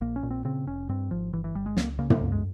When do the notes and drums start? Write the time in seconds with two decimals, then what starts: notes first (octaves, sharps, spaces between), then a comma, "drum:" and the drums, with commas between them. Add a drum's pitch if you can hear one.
0.01 A#1 A#3
0.16 C#4
0.23 A#2
0.31 C4
0.45 C#3 C4
0.67 F1 C#4
0.89 G2 C4
1.11 G#1 F3
1.33 G1 E3
1.44 E3
1.55 G1 G3
1.66 G#3
1.77 C#2 A#3, drum: snare
1.99 C#3 A#3
2.10 A#3, drum: tom
2.21 C#2 A#3
2.32 G#3